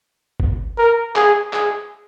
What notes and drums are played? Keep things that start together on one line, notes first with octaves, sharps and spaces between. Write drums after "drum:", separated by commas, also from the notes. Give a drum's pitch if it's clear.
drum: kick G1
A#4
G#4, drum: clap
G#4, drum: clap